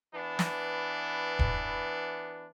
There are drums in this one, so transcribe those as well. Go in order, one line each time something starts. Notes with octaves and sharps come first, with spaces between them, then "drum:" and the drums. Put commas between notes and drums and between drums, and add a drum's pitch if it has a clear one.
E3 B3 D4
drum: snare
drum: kick